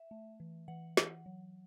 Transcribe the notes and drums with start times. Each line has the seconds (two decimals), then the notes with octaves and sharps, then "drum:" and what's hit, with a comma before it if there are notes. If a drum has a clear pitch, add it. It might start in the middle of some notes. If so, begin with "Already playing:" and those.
Already playing: E5
0.11 A3
0.40 E3
0.68 E3 F#5
0.97 E3, drum: snare
1.26 F#3